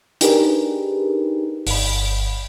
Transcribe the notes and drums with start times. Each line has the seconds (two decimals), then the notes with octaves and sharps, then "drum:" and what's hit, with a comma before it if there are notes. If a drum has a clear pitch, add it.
0.21 D4 D#4 G4 G#4 A#4 B4, drum: hi-hat
1.67 G1 B5, drum: open hi-hat